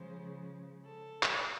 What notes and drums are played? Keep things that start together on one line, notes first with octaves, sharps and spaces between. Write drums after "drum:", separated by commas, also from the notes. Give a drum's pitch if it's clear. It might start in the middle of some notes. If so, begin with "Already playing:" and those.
Already playing: C#3 F3 G#3 C5
A4
drum: clap